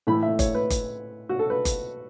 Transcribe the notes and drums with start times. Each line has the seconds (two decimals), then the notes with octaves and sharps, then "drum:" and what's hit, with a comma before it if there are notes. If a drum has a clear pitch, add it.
0.07 A2 E3 A3 B5
0.22 E5
0.39 C#5, drum: kick F#1, hi-hat
0.54 B4
0.70 drum: kick F#1, hi-hat
1.29 F#4
1.39 A4
1.50 B4
1.65 drum: kick F#1, hi-hat